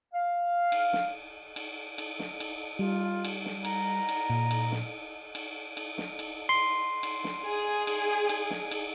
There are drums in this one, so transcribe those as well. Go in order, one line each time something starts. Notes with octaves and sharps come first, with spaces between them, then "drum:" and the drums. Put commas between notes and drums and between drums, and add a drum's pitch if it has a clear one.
F5
drum: cymbal
drum: snare
drum: cymbal
drum: cymbal
drum: snare
drum: cymbal
G3 F4
drum: cymbal
drum: snare
A#5, drum: cymbal
drum: cymbal
A#2
drum: cymbal
drum: snare
drum: cymbal
drum: cymbal
drum: snare
drum: cymbal
C6
drum: cymbal
drum: snare
G#4
drum: cymbal
drum: cymbal
drum: snare
drum: cymbal